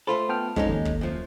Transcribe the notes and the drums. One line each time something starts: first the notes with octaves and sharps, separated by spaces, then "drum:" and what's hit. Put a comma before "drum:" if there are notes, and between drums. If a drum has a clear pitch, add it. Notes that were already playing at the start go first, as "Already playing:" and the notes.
A3 F4 A4 C5 B5 C6
B3 G5 A5 F6
F2 G#2 G#3 C#4 D#4, drum: kick
D#2 A4
drum: kick
F#2 F3